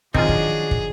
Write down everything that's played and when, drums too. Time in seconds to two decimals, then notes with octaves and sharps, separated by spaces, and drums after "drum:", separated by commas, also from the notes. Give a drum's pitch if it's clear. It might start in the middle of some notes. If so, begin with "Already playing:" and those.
0.14 D#3 F3 F#3 C4 D4 F4 G#4, drum: kick
0.29 drum: kick
0.71 drum: kick